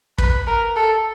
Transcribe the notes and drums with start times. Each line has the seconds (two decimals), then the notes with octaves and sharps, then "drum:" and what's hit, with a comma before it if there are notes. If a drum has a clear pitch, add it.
0.18 B4, drum: kick
0.47 A#4
0.76 A4